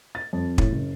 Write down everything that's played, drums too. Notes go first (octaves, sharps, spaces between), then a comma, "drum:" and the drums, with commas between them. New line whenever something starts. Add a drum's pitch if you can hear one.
A6
F2
A2, drum: kick
F#1